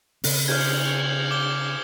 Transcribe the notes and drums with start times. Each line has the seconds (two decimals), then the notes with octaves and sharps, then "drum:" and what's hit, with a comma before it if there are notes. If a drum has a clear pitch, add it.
0.24 C#3 C4, drum: open hi-hat
0.48 F6 G6 G#6, drum: cymbal
1.31 D6 G7